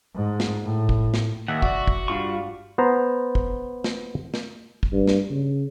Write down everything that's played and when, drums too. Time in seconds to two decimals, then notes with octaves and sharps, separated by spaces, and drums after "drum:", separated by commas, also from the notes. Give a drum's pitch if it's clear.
0.15 G#2
0.40 drum: snare
0.65 A2
0.89 drum: kick
1.14 drum: snare
1.48 D#2 E5 F#5
1.62 C2 G2 F#4 D5, drum: kick
1.88 drum: kick
2.08 G2 G3 D4 F4 F5 C#6
2.78 B3 C5 A#5
3.35 drum: kick
3.84 drum: snare
4.34 drum: snare
4.83 drum: kick
4.92 G2
5.07 drum: snare
5.30 C#3